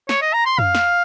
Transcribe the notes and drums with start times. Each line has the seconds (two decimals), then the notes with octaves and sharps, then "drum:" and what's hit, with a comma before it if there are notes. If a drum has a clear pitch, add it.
0.09 C#5, drum: snare
0.22 D#5
0.33 A#5
0.46 C6
0.58 F5, drum: tom
0.75 drum: snare